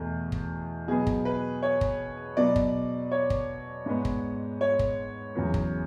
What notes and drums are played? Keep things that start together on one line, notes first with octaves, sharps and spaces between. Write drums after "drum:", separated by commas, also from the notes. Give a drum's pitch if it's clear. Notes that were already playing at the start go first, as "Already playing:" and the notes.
Already playing: E2 B2 A3
drum: kick
B2 F#3 B3 G#4
drum: kick
B4
C#5
drum: kick
B2 F#3 B3 D5
drum: kick
C#5
drum: kick
G#2 G#3 B3
drum: kick
C#5
drum: kick
E2 C#3 F#3 B3
drum: kick